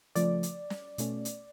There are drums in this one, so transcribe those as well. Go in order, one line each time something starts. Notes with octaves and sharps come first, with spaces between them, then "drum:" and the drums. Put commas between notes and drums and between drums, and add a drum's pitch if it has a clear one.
C#3 F3 A3 D5, drum: hi-hat
drum: hi-hat
drum: snare
B2 A3 C#4, drum: hi-hat
drum: hi-hat